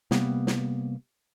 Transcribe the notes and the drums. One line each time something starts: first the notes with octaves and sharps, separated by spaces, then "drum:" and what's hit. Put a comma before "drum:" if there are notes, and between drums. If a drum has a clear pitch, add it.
C3 G3 A#3 B3, drum: snare
drum: snare